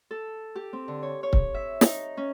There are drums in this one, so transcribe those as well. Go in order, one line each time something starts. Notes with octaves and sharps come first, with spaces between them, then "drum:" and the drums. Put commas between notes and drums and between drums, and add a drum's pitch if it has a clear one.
A4
G4
C4
D3
C#5
C#5
drum: kick C#1
E5
D#4, drum: snare
C#4